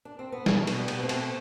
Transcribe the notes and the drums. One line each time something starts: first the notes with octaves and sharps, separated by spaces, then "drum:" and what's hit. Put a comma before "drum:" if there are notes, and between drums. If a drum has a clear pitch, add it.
D4
C4
B3
B2 A3, drum: snare
B2, drum: cymbal
G3 B3
B2 B3, drum: cymbal
A3 C4
B2, drum: cymbal